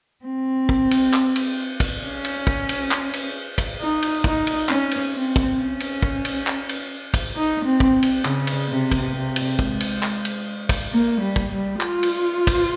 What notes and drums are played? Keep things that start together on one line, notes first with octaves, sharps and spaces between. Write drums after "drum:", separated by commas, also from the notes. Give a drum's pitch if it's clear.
C4
drum: kick
drum: cymbal
drum: clap
drum: cymbal
drum: kick, cymbal
C#4
drum: cymbal
drum: kick
drum: cymbal
drum: clap
drum: cymbal
drum: kick, cymbal
D#4
drum: cymbal
D#4, drum: kick
drum: cymbal
C#4, drum: clap
drum: cymbal
C4
drum: kick
C#4
drum: cymbal
drum: kick
drum: cymbal
drum: clap
drum: cymbal
drum: kick, cymbal
D#4
C4
drum: kick
drum: cymbal
C#3, drum: clap
drum: cymbal
C3
drum: kick, cymbal
C3
drum: cymbal
G#3, drum: kick
drum: cymbal
drum: clap
drum: cymbal
drum: kick, cymbal
A#3
G3
drum: kick
G3
F4, drum: clap
drum: cymbal
drum: kick, cymbal